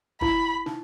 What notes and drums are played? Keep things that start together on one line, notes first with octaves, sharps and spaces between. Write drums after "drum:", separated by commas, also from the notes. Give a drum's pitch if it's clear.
E4 B5, drum: kick
D#4, drum: snare